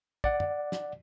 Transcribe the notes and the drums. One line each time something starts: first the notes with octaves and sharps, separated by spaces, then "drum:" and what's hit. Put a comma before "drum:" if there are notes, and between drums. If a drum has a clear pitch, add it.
D5 F#5, drum: kick
drum: tom
drum: snare